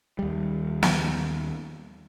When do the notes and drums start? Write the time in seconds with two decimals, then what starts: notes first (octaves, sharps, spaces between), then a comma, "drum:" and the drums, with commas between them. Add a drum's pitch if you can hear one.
0.19 D#2 G3
0.83 drum: snare